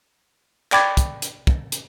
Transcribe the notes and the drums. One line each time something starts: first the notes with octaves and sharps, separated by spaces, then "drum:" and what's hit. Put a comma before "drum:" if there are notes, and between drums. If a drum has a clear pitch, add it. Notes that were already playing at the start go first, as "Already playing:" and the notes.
D5 G5 B5 D6 G#6 A6, drum: clap
drum: kick, hi-hat
drum: hi-hat
drum: kick
drum: hi-hat